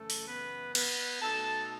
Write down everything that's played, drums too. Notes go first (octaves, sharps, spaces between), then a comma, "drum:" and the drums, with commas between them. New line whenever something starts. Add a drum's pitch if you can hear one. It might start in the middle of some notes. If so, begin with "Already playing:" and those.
Already playing: F#2 C#3 E3 A3 C#4 A4
drum: open hi-hat
B3 B4
B3 B4, drum: cymbal
B2 A3 D#4 A4 A5